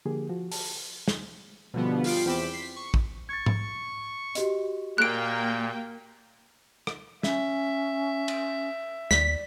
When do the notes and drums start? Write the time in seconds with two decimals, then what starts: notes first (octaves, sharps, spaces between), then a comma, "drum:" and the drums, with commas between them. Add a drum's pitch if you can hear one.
0.05 D3 F3 A#3 G4 G#4
0.29 F3 F#4
0.52 A5, drum: open hi-hat
1.08 drum: snare
1.74 B2 D3 F3 G3 B3
2.04 G3 F4 C7 D7, drum: open hi-hat
2.26 E2 C4 G5 B5 D6 E7
2.54 B6 C7
2.76 C#6
2.94 drum: kick
3.29 C#6 G#6 A6
3.46 drum: tom G#2
4.35 F#4 G4 D#5, drum: hi-hat
4.98 A#2 A#3 G5 F#6 D7
6.87 drum: rim click
7.23 C#4 E5, drum: snare
8.28 drum: cymbal
9.11 D#2 D5 B6, drum: snare